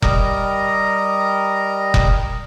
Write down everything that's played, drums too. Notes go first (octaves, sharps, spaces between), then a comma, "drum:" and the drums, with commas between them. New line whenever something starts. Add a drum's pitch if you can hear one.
G3 A#4 D#5 A#5, drum: kick F1
drum: kick F1